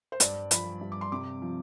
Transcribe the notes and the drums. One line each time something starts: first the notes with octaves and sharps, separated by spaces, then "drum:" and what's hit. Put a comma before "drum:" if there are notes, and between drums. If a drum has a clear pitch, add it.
C5
G2 D5, drum: hi-hat
F3 B5, drum: hi-hat
G2
D6
C6
C3 D6
F3